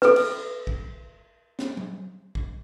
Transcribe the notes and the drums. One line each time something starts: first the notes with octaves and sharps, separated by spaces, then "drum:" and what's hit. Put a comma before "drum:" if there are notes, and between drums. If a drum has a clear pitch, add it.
A4 B4, drum: snare
drum: cymbal
drum: kick
drum: snare
drum: tom F#3
drum: kick